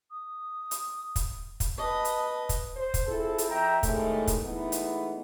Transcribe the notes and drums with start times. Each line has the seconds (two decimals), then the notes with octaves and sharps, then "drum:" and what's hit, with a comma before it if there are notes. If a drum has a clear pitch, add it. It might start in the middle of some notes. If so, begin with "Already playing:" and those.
0.11 D#6
0.71 drum: hi-hat
1.16 drum: kick, hi-hat
1.60 drum: kick, hi-hat
1.78 B4 D#5 A5
2.05 drum: hi-hat
2.49 drum: kick, hi-hat
2.77 C5
2.94 drum: kick, hi-hat
3.07 C4 E4 F4 G#4 A4
3.38 drum: hi-hat
3.50 F2 E5 G5 A#5
3.83 A2 C3 D#3 G#3 A3, drum: kick, hi-hat
4.27 drum: kick, hi-hat
4.43 E3 G#3 A3 B3 D#4 E4
4.72 drum: hi-hat